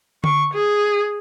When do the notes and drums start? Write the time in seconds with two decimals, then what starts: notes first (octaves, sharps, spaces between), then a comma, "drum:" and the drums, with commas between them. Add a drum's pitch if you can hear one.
0.24 C#6, drum: tom D3
0.54 G#4